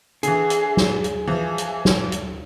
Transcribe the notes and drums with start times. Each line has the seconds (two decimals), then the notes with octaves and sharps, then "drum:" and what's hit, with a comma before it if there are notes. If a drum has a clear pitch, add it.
0.23 D3 E3 G#4, drum: hi-hat
0.50 drum: hi-hat
0.77 drum: snare
1.04 drum: hi-hat
1.27 E3 F3
1.58 drum: hi-hat
1.85 drum: snare
2.12 drum: hi-hat